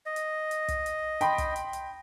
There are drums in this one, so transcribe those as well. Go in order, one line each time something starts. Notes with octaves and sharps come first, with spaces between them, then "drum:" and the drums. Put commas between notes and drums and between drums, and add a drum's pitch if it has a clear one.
D#5
drum: hi-hat
drum: hi-hat
drum: kick, hi-hat
drum: hi-hat
G5 B5 C6, drum: hi-hat
drum: kick, hi-hat
drum: hi-hat
drum: hi-hat